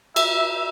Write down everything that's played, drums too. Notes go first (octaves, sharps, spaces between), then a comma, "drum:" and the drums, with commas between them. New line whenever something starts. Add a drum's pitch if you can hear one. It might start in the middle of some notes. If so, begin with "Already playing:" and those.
E5, drum: cymbal
E5